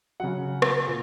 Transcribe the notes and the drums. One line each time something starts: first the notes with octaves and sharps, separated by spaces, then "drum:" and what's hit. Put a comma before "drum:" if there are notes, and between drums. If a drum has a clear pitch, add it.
C#3 F#3 F#5
drum: rim click
A#2